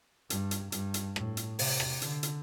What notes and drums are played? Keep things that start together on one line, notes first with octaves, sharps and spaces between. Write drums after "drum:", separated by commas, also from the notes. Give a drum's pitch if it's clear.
G2, drum: hi-hat
drum: hi-hat
G2, drum: hi-hat
drum: hi-hat
A2, drum: rim click
drum: hi-hat
C3, drum: open hi-hat
drum: rim click
D3, drum: hi-hat
drum: hi-hat